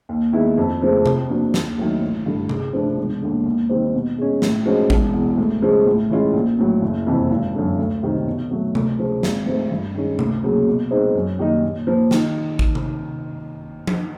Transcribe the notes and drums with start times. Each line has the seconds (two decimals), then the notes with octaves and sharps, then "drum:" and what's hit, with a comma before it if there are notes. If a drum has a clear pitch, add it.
0.09 D#2
0.33 D#3 G#3 B3 E4
0.58 F2
0.81 C#3 F3 A3 C4
1.06 C3, drum: tom C3
1.29 F3 A#3 D4 F#4
1.54 D#2, drum: snare
1.78 D#3 F#3 A3
2.01 A1
2.26 G2 D3 G3
2.49 C#3, drum: tom C3
2.73 F3 A3 D4
2.98 E1
3.22 D#2 D3
3.46 D#2
3.69 D#3 G3 C4
3.94 B2
4.18 G#3 C#4
4.42 A2, drum: snare
4.66 F3 G#3 C#4 F#4
4.90 E1, drum: kick G#1
5.14 E2 B2
5.37 D2
5.62 C#3 F3 G#3
5.87 A2
6.10 E3 G#3 C#4 F4
6.34 A#1
6.59 A2 F#3
6.82 F#1
7.07 F2 C3 E3
7.31 G#1
7.55 F#2 D3
7.78 D2
8.03 C3 D#3 G3
8.27 B2
8.51 F#3 A3
8.75 D2, drum: tom C3
8.98 C#3 F3
9.23 G#1, drum: snare
9.46 G#2 F3 A3 C4
9.71 G2
9.95 D#3 G#3 C#4
10.19 D2, drum: tom C3
10.43 C#3 F#3 A#3
10.66 B2
10.91 G#3 C4 D#4
11.15 F#2
11.39 D#3 G3 A#3 D#4
11.64 A#2
11.87 F3 A#3
12.11 D#3, drum: snare
12.59 drum: kick G#1
12.75 drum: tom C3
13.87 drum: tom F3